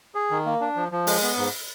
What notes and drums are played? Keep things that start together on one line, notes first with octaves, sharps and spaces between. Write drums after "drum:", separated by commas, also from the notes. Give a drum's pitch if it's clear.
G#4
D#3
A#3
D4
F3
F3
G#3, drum: open hi-hat
B3
G#2